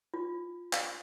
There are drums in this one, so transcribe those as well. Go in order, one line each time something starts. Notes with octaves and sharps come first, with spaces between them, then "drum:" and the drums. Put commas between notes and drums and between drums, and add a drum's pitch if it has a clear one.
F4
F5, drum: clap